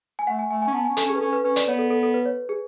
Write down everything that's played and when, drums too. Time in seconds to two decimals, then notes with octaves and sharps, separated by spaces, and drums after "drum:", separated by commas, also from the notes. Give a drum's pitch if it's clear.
0.19 G#5
0.27 A3 F#5
0.39 G#5
0.50 A3 G#5
0.62 G#5
0.67 C#4
0.74 B3 A5
0.85 G#5
0.89 C#4
0.97 A4, drum: hi-hat
1.05 C#4 G#4
1.15 B4
1.20 C#4 A4
1.33 B4
1.44 C#4 B4
1.56 D5, drum: hi-hat
1.68 B3 C#5
1.79 A4
1.90 A4
2.03 A4
2.14 B4
2.26 C#5
2.49 G#4